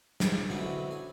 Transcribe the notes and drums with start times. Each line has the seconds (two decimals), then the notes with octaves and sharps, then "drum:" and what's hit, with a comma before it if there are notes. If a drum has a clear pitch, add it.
0.20 G#4, drum: snare
0.50 B1 D3 C4 C#4 E4 F#4
0.91 G#5